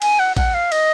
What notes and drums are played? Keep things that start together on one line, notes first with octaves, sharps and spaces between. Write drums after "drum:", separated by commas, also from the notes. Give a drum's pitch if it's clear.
G#5, drum: cymbal
F#5
F#5, drum: kick, cymbal
F5
D#5, drum: cymbal